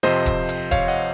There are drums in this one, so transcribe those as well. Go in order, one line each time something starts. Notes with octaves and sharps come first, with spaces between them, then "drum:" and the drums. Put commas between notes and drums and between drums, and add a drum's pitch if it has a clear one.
F2 C3 F3 C4 C5 D#5, drum: rim click
drum: kick D#1, hi-hat
drum: hi-hat
C#5 F5, drum: kick D#1, hi-hat
D#5 F#5